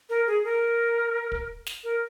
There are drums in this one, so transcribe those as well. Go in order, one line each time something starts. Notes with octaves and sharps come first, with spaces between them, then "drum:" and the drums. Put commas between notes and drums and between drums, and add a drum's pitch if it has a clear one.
A#4
G#4
A#4
drum: kick
drum: snare
A#4